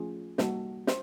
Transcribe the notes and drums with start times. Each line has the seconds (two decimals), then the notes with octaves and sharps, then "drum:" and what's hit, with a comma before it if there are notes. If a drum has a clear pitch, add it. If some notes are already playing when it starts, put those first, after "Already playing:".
Already playing: F3 A3 C#4 F4 G#4
0.38 G3 A#3 D#4 F#4 A4, drum: snare
0.87 C5, drum: snare